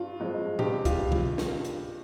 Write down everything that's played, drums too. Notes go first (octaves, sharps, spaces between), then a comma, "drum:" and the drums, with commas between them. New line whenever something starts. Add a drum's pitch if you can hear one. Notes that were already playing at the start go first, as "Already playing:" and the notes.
Already playing: G2 F4
F3 G#3
G2 G4, drum: tom A2
F4, drum: kick C2, hi-hat
drum: tom B2
drum: snare
drum: hi-hat